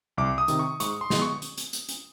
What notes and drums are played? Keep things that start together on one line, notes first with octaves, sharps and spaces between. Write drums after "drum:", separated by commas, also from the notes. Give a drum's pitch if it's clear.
C2 D6
D#6
C3 D#3, drum: hi-hat
C#6
G#2 C#6, drum: hi-hat
C6
E3 G#3 B3, drum: snare
C#6
drum: hi-hat
drum: hi-hat
drum: hi-hat
drum: hi-hat